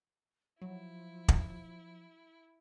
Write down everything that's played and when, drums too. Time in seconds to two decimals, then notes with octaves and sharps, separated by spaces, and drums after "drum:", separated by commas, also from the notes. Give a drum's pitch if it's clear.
0.62 F3 F#3 E4
1.28 drum: kick